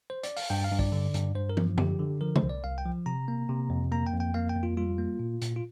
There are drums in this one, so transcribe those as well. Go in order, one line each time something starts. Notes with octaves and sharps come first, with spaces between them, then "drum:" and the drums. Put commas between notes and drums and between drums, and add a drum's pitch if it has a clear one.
C5
D5, drum: hi-hat
F5, drum: open hi-hat
G2 G5
F5
G2
D5, drum: kick
D3
G2, drum: hi-hat
G2 C5
A#4
F3, drum: tom
D3 G4, drum: tom F#2
D3
F3 A#4
C5, drum: tom C3
C2
D5
C2 F5
G5
F3
C3 A#5
A#3
C3
F2
A#3 A#5
G5
F2
G5
A#3 F5
G5
F2
F4
G3 F4
A#3
A#2
A#2, drum: hi-hat
F4